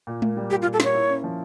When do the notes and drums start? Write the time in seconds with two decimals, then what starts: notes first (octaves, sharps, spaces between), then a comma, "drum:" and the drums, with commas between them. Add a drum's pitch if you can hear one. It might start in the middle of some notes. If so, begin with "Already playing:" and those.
0.07 A#2
0.22 A#3, drum: tom G#3
0.37 G3
0.50 A#2 G4
0.62 F4
0.65 A#2
0.73 A4
0.80 A#3 C#5, drum: snare
0.95 E4
1.09 C#4
1.24 F3